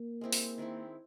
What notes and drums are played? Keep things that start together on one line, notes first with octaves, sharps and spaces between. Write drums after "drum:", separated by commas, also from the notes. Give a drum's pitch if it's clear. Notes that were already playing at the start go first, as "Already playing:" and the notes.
Already playing: A#3
G#3 C4 E4 G4
drum: open hi-hat
D#3 G#3 C4 E4